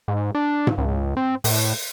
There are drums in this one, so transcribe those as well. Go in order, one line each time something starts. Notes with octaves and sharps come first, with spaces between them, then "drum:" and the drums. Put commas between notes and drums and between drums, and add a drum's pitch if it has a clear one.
G#2
D4
drum: tom G#2
C#2
C4
A2, drum: open hi-hat